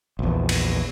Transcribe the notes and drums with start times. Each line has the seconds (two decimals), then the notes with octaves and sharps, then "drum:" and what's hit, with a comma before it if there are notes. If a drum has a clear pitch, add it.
0.19 A#1 E2
0.49 drum: cymbal